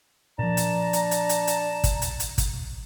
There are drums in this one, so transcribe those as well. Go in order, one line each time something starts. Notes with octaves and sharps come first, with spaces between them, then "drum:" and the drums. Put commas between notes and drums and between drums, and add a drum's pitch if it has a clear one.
A#2 F3 D4 A5 A#5
drum: hi-hat
drum: hi-hat
drum: hi-hat
drum: hi-hat
drum: hi-hat
drum: kick, hi-hat
drum: hi-hat
drum: hi-hat
drum: kick, hi-hat